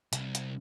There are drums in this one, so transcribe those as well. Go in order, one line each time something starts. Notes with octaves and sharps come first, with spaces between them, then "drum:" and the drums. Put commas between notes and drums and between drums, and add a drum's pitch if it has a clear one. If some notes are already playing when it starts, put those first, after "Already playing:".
C2, drum: hi-hat
drum: hi-hat